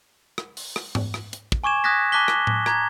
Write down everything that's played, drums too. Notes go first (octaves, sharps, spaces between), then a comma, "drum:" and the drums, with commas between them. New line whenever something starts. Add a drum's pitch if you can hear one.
drum: rim click
drum: open hi-hat
drum: rim click
drum: tom G#2
drum: rim click
drum: hi-hat
drum: kick
G#5 C#6 D6 G#6 E7
D#6 F#6 G#6 A#6 B6
A5 D6 F#6 B6 G7
drum: rim click
drum: tom A2
A#5 G#6, drum: rim click